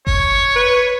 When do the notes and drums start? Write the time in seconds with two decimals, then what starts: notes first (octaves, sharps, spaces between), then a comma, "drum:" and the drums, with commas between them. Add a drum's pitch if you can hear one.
0.07 C#5, drum: kick F#1
0.56 B4